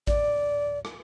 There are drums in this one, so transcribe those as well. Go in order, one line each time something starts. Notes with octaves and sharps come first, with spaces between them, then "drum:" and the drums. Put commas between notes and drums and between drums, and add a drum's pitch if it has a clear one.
D5, drum: kick A1
drum: rim click